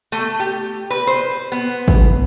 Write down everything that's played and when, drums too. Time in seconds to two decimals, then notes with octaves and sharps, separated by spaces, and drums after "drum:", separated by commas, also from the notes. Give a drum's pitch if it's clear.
0.12 A3
0.40 G4
0.90 B4
1.07 C5
1.52 B3
1.88 drum: kick